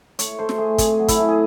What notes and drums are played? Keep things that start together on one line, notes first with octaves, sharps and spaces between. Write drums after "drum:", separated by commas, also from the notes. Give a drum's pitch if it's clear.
A3 C#5, drum: hi-hat
A3 C5
drum: snare
A3 G#4
C3 G#4, drum: kick, hi-hat
F#3
E4, drum: kick, hi-hat
A3
G#4